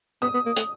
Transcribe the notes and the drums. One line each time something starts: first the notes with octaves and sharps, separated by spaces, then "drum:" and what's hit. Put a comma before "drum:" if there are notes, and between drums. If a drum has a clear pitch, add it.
B3 D#6
B3
A#3
A3, drum: hi-hat